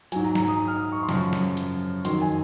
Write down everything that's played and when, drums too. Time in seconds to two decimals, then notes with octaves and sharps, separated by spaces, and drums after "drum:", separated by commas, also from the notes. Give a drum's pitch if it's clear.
0.12 G#2 F#3 G#5, drum: hi-hat
0.24 A#5
0.35 A#5, drum: snare
0.48 D#6
0.68 F6
0.77 D#6
0.92 C#6
1.03 C6
1.09 F#2 C#3 F3 C#6, drum: snare
1.33 drum: snare
1.57 drum: hi-hat
2.05 F2 D#3 F#3 C6, drum: hi-hat
2.22 G#5